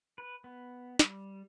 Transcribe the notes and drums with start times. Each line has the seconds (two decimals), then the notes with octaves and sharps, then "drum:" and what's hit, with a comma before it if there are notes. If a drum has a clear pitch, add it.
0.18 B4
0.44 B3
0.99 G3, drum: snare